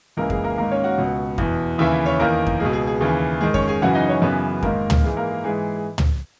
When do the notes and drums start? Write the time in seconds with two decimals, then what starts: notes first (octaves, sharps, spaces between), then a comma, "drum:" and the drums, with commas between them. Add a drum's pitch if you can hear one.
0.17 C#2 C#3 E3 A#3 A#4
0.30 G#4, drum: kick F2
0.44 A#3 A#4
0.58 G#2 D#3 A#3 A#4
0.71 C#4 C#5
0.84 F#4 F#5
0.98 C#2 B2
1.38 E2 B2, drum: kick F2
1.78 D#2 C#3 E3 E4 E5
2.06 C#4 C#5
2.19 E2 D#3 A#3 A#4
2.47 drum: kick F2
2.60 C#2 B2 G#4
2.73 G#4
2.87 G#4
3.01 D#2 C#3 E3
3.41 G#2 D#3 G#4
3.54 C#4 C#5, drum: kick F2
3.68 G#4 G#5
3.82 F#2 C#3 E3 F#4 F#5
3.95 D#4 D#5
4.08 C#4 C#5
4.22 F#2 C#3 E3 B3 B4
4.63 G#2 D#3 A#3 A#4, drum: kick F2
4.90 drum: tom
5.04 G#2 E3 G#4
5.17 A#3 A#4
5.31 G#4
5.44 G#2 E3 G#4
5.76 G#4
5.98 drum: tom